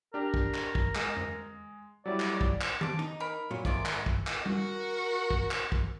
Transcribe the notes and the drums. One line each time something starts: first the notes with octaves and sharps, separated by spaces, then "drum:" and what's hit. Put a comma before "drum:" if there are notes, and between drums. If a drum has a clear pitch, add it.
D4 G4 A#4
drum: kick
drum: clap
drum: kick
G#3, drum: clap
drum: tom E2
F#3 G3 E4 D5
drum: clap
drum: kick
drum: clap
A5 D6, drum: tom D#3
D#4 A#5
A#4 B5
A#2 F#3
G#2 D#3 D5 E5, drum: kick
drum: clap
drum: kick
drum: clap
F#4 A#4, drum: tom G3
drum: kick
drum: clap
drum: kick